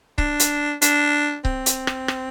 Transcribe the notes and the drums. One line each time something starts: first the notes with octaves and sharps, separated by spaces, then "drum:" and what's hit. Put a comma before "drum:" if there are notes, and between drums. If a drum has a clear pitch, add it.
D4, drum: kick C#1
drum: hi-hat
D4, drum: hi-hat
C4, drum: kick C#1
drum: hi-hat
drum: rim click
drum: rim click